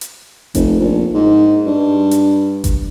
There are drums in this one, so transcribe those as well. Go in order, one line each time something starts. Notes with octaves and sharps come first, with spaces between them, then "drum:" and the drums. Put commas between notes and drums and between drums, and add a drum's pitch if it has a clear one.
drum: hi-hat
F1, drum: kick G1, hi-hat
A#1
G#2
G2
drum: hi-hat
drum: kick G1, hi-hat